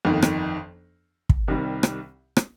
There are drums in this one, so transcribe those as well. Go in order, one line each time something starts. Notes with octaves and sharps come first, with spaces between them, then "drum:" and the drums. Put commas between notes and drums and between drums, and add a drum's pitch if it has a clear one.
G1 F2 D#3
drum: rim click
drum: kick
C2 C3 D#3 G3
drum: rim click
drum: rim click